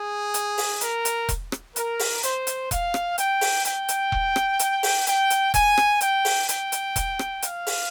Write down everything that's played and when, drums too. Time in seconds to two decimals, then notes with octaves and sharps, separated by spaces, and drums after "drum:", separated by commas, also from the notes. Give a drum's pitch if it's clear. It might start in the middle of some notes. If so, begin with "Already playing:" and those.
Already playing: G#4
0.34 drum: hi-hat
0.58 drum: open hi-hat
0.81 A#4, drum: hi-hat
1.05 drum: hi-hat
1.29 drum: kick E1, hi-hat
1.52 drum: rim click
1.76 A#4, drum: hi-hat
1.99 drum: open hi-hat
2.23 C5, drum: hi-hat
2.47 drum: hi-hat
2.71 F5, drum: kick E1, hi-hat
2.94 drum: rim click
3.18 G5, drum: hi-hat
3.41 drum: open hi-hat
3.65 G5, drum: hi-hat
3.88 drum: hi-hat
4.12 drum: kick E1
4.36 drum: rim click
4.59 drum: hi-hat
4.83 drum: open hi-hat
5.07 G5, drum: hi-hat
5.30 drum: hi-hat
5.54 G#5, drum: kick E1, hi-hat
5.78 drum: rim click
6.01 G5, drum: hi-hat
6.25 drum: open hi-hat
6.49 G5, drum: hi-hat
6.72 drum: hi-hat
6.96 drum: kick E1, hi-hat
7.19 drum: rim click
7.42 F5, drum: hi-hat
7.67 drum: open hi-hat